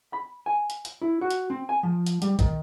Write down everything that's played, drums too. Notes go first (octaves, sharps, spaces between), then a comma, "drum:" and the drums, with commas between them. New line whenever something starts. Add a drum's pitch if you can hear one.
B5
G#5
drum: hi-hat
drum: hi-hat
E4
F#4
drum: hi-hat
C4
G#5
F3
drum: hi-hat
G3, drum: hi-hat
D#3, drum: kick, hi-hat